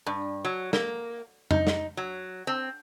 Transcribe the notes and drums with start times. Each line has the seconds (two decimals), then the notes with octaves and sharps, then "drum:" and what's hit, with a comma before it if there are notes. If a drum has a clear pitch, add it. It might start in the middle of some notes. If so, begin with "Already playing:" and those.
0.07 G2
0.45 F#3
0.73 A#3, drum: snare
1.51 D#4, drum: tom F2
1.67 drum: snare
1.97 F#3
2.47 C4